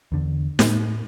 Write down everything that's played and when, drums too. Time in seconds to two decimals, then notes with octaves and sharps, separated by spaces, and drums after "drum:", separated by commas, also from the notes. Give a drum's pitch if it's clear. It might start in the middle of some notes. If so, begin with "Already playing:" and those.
0.12 E2 D3
0.59 A2, drum: snare